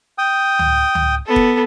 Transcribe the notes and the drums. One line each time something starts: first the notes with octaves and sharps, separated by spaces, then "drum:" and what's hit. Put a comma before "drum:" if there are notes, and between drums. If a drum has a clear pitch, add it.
G5 D#6
drum: tom C#2
drum: tom C#2
B3 A4
drum: kick F1